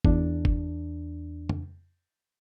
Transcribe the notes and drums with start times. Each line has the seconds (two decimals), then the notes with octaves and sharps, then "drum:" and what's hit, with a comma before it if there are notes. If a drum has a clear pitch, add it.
0.05 E2 D4, drum: kick F#1
0.45 drum: kick F#1
1.49 drum: tom